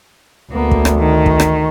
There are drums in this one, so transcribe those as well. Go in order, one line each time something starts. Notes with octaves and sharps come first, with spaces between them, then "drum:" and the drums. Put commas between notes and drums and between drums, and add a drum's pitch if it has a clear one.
D2 A#3 B3
drum: kick
drum: rim click
D#3
drum: kick
drum: rim click